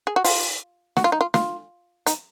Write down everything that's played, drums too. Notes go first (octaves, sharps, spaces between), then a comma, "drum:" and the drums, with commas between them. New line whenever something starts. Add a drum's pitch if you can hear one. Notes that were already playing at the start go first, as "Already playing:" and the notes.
G#4
F#4
F4, drum: open hi-hat
F#4, drum: snare
F4
D#4
F4
F4, drum: snare
D#4, drum: hi-hat